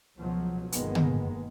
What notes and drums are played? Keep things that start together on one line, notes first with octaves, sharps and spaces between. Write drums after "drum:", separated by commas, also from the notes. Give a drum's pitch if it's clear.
C#2 B2 F3 F#3
G1 B2 D#3 G#3 A#3 B3, drum: hi-hat
drum: tom